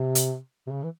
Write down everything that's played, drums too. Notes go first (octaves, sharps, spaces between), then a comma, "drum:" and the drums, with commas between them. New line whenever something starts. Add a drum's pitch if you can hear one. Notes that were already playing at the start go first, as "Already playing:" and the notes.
Already playing: C3
drum: hi-hat
C3
C#3
E3